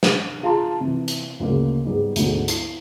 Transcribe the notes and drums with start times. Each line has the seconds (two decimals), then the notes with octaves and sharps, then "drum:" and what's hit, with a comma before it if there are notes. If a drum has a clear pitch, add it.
0.03 drum: snare
0.42 F4 G#4 F5 A5 A#5 C6
0.81 C3 E3
1.08 drum: hi-hat
1.40 D2 C#3 G#3 A#3
1.85 G#2 G3 B3 G#4
2.16 D2 G#2 B2 D3, drum: hi-hat
2.48 E4 C7, drum: hi-hat